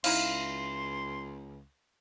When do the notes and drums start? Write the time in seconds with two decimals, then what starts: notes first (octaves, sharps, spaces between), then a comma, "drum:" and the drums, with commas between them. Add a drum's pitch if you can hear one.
0.04 C#2 D#4 E4 F5 C6, drum: cymbal